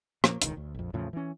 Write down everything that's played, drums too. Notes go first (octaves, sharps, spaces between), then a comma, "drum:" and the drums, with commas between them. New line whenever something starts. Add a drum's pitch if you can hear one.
A#2 F3 A#3, drum: rim click
E1 C#2 D#3, drum: hi-hat
D2
A#1 F2
E2 A2 C#3 F3
E3 C#4